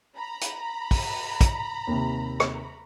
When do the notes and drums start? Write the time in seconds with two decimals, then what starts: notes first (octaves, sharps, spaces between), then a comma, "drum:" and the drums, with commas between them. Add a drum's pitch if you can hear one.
0.16 A#5 B5
0.41 drum: hi-hat
0.91 drum: kick, open hi-hat
1.41 drum: kick, hi-hat
1.87 D#2 C3
2.40 drum: rim click